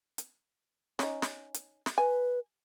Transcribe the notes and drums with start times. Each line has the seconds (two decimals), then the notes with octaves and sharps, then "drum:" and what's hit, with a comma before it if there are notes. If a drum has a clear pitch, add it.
0.18 drum: hi-hat
0.99 C#4 D#4, drum: snare
1.22 drum: snare
1.54 drum: hi-hat
1.86 drum: snare
1.98 B4 G#5